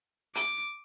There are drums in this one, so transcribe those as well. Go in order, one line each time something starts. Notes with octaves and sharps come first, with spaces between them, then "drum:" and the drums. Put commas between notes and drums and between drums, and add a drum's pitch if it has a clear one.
D6, drum: hi-hat